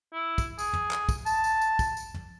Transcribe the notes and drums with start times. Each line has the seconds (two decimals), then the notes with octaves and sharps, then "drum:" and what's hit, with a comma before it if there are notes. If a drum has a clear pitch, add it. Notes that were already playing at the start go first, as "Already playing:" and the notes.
0.13 E4
0.38 drum: kick, tambourine
0.59 G#4, drum: tambourine
0.73 drum: tom
0.91 drum: clap
1.09 drum: kick, tambourine
1.26 A5, drum: tambourine
1.44 drum: tambourine
1.62 drum: tambourine
1.79 drum: kick, tambourine
1.97 drum: tambourine
2.14 drum: tom